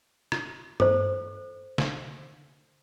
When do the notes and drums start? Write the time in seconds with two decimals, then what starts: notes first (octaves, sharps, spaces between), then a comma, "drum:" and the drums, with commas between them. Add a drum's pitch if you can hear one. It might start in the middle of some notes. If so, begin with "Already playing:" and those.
0.32 drum: rim click
0.80 A4 C5, drum: tom G2
1.78 drum: snare